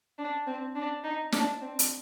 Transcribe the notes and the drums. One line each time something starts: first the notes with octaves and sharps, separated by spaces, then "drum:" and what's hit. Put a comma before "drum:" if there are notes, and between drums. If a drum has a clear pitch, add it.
D4
C4
D4
D#4
D4, drum: snare
C4
drum: hi-hat